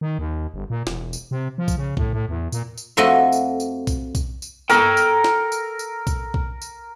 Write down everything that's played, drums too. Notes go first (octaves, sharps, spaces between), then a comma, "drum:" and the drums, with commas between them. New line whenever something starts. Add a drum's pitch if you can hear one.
D#3
D#2
G1
A#2
E1, drum: snare
drum: tambourine
C3
F3
drum: kick B1, tambourine
C#3
A2, drum: kick B1
A2
E2
A#2, drum: tambourine
drum: tambourine
F2 F3 A3 F#4 D#5
drum: tambourine
drum: tambourine
drum: kick B1, tambourine
drum: kick B1, tambourine
drum: tambourine
A4 A#4 G5, drum: tambourine
drum: tambourine
drum: snare
drum: tambourine
drum: tambourine
drum: kick B1, tambourine
drum: kick B1
drum: tambourine